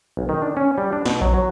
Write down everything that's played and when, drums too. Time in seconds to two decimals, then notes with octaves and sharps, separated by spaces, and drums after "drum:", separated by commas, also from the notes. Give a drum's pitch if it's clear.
0.17 B1
0.29 D#3
0.42 D4
0.57 C#4
0.78 G3
0.93 D4
1.06 B2, drum: snare
1.21 F#3, drum: kick A#1
1.34 F#3